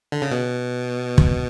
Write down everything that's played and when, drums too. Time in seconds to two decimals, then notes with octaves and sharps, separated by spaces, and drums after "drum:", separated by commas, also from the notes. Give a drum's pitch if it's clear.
0.12 D3
0.22 C#3
0.31 B2
1.18 drum: kick